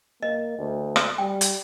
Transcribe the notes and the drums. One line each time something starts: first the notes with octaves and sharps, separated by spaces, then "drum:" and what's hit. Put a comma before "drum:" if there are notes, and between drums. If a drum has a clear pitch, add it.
A#3 D#5
D2
drum: rim click
G3 G5
drum: hi-hat